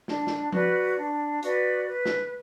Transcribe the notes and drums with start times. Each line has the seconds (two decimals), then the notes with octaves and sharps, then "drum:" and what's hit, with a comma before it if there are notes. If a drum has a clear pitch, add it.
0.08 D4, drum: snare
0.27 drum: snare
0.52 F#4 B4 D5, drum: tom F3
0.98 D4
1.43 F#4 B4 D5, drum: hi-hat
1.87 B4
2.05 drum: snare